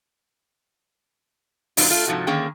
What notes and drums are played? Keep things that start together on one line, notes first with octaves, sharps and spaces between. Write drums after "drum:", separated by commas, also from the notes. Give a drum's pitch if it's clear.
F#2 A#2 F#3 D#4 F4, drum: open hi-hat
A3 F4
G#2 C3 D#3 F3 D#4 F#4
D3 D#3 A#3 C#4 G#4 G5